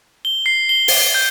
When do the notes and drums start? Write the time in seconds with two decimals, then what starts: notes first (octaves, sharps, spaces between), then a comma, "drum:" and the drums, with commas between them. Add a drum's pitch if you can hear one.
0.25 G7
0.46 C7
0.69 G7
0.88 drum: open hi-hat
1.15 G6